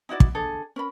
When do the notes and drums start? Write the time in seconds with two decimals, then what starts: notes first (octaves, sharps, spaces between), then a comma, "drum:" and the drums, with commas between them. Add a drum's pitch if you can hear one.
0.09 D#4 E4 F#4 D5
0.20 drum: kick
0.35 D4 G#4 A4
0.76 C#4 A#4 B5